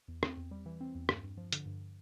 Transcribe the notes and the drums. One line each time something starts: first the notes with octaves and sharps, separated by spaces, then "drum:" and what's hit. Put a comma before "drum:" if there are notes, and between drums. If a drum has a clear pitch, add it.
E2
C4, drum: rim click
E2
G3
E3
C4
E2
G2, drum: rim click
G2
F3
D3, drum: hi-hat
G2